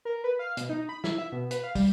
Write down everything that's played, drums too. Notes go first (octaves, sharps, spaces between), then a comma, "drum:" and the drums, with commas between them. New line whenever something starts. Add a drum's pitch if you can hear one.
A#4
B4
F5
B2, drum: hi-hat
D#4
B5
E4, drum: snare
E5
B2
B4, drum: hi-hat
F5
G3, drum: kick, open hi-hat